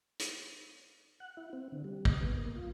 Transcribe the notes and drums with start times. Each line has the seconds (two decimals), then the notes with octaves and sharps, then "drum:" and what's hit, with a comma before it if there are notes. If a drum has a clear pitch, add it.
0.19 drum: hi-hat
1.20 F#5
1.37 E4
1.53 C4
1.72 D3
1.84 G3
2.05 D#5, drum: kick
2.21 B3
2.37 A#3
2.56 F4